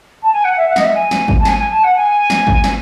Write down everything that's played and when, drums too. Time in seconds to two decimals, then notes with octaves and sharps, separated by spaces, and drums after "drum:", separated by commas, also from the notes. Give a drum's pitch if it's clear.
0.22 A5
0.32 G#5
0.44 F#5
0.56 E5
0.69 F#5
0.76 D#5, drum: snare
0.82 E5
0.94 G#5
1.11 drum: snare
1.28 drum: kick G#1
1.39 A5
1.45 G#5, drum: snare
1.58 G#5
1.70 A5
1.83 F#5
1.96 G#5
2.30 drum: snare
2.47 drum: kick G#1
2.64 drum: snare